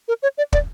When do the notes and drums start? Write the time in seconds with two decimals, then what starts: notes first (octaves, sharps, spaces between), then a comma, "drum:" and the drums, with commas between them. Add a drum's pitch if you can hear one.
0.08 A#4
0.23 C#5
0.38 D5
0.53 D5, drum: kick